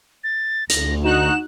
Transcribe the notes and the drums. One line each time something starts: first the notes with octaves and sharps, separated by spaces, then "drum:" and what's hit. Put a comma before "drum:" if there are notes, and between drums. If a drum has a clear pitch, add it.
A6
D2 A#6, drum: hi-hat
D#4 F#4 F#6 E7